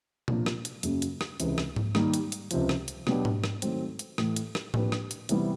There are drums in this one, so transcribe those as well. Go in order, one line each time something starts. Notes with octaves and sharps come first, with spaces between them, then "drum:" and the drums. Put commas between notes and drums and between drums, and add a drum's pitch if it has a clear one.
C3 F3 A#3 D4 F4, drum: tom A#2
drum: rim click
drum: hi-hat
F#2 C#3 F#3 A#3, drum: hi-hat
drum: hi-hat
drum: rim click
C#2 C3 E3 G#3, drum: hi-hat
drum: rim click
drum: tom G#2
D#3 G3 A#3 D#4, drum: rim click
drum: hi-hat
drum: hi-hat
C#2 C3 F3, drum: hi-hat
drum: rim click
drum: hi-hat
B2 F#3 B3 D4 G4, drum: rim click
drum: tom G#2
drum: rim click
D#3 F#3 A3 C4, drum: hi-hat
drum: hi-hat
A2 E3 A3, drum: rim click
drum: hi-hat
drum: rim click
F3 A#3 D4 G4 B4, drum: tom A2
drum: rim click
drum: hi-hat
C3 E3 G3 B3 E4, drum: hi-hat